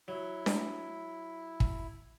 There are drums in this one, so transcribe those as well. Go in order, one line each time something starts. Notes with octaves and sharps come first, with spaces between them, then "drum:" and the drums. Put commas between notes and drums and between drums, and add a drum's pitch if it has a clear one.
F#3 E4
drum: snare D4
drum: kick